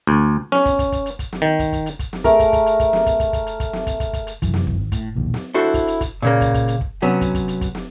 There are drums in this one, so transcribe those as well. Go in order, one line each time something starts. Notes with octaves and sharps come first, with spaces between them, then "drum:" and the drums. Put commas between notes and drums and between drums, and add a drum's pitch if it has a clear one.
D2
C#4, drum: snare
drum: kick, hi-hat
drum: kick, hi-hat
drum: kick, hi-hat
drum: hi-hat
drum: kick, hi-hat
drum: snare
D#3
drum: kick, hi-hat
drum: kick, hi-hat
drum: hi-hat
drum: kick, hi-hat
drum: snare
A3 G#4 A#4, drum: kick, hi-hat
drum: kick, hi-hat
drum: kick, hi-hat
drum: hi-hat
drum: kick, hi-hat
drum: snare
drum: kick, hi-hat
drum: kick, hi-hat
drum: kick, hi-hat
drum: hi-hat
drum: kick, hi-hat
drum: snare
drum: kick, hi-hat
drum: kick, hi-hat
drum: kick, hi-hat
drum: hi-hat
F1 F#2 E3, drum: kick, hi-hat
drum: snare
drum: kick
G#1
A2, drum: kick, hi-hat
E1 A#1 D#2
drum: snare
D4 E4 F#4 A4 C5
drum: kick, hi-hat
drum: hi-hat
drum: kick, hi-hat
A#2 C#3 A#3
drum: kick, hi-hat
drum: kick, hi-hat
drum: hi-hat
drum: kick
C3 F#3 B3 C#4
drum: kick, hi-hat
drum: kick, hi-hat
drum: hi-hat
drum: kick, hi-hat
drum: snare